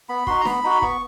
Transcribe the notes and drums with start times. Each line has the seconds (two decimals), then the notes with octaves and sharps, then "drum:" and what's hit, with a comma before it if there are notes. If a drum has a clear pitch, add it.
0.09 B3 B5
0.27 D#4 F#4 C6, drum: kick
0.41 A#5
0.45 B3 B5, drum: snare D4
0.63 D#4 F#4
0.82 B3 C#6, drum: kick